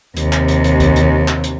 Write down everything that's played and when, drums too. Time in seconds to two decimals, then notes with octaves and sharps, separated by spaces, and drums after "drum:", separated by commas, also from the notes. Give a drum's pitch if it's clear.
0.17 D#2 C3, drum: hi-hat
0.32 drum: clap
0.48 drum: hi-hat
0.64 drum: hi-hat
0.80 drum: kick C2, hi-hat
0.96 drum: hi-hat
1.28 drum: clap
1.44 drum: hi-hat